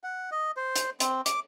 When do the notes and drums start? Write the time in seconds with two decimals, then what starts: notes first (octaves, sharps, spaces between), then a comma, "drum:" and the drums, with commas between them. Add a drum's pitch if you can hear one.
0.04 F#5
0.31 D#5
0.57 C5
0.76 drum: hi-hat
1.00 C4, drum: hi-hat
1.26 D6, drum: hi-hat